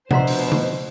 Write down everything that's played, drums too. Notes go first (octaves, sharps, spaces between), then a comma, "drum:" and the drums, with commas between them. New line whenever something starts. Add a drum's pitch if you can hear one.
B2 F3 D4 C5 E5 F#5 A#5 C6, drum: tom C3
drum: open hi-hat
drum: tom C#3